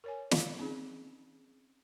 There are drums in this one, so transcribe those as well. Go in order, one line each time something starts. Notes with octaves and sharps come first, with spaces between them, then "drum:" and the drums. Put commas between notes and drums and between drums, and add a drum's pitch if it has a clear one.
A#4 C#5 G#5
drum: snare
C4 C#4 D#4 G#4